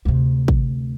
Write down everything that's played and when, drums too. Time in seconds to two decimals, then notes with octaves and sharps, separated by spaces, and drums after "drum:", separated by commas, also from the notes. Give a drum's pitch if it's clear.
0.05 D2 C3
0.48 drum: kick